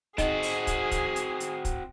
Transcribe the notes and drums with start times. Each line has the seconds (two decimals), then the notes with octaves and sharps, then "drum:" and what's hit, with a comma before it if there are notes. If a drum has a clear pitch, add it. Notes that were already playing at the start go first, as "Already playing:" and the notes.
0.18 C4 D#4 F#4 G#4 D#5, drum: kick, hi-hat
0.43 drum: open hi-hat
0.67 drum: kick, hi-hat
0.91 drum: kick, hi-hat
1.16 drum: hi-hat
1.40 drum: hi-hat
1.65 drum: kick, hi-hat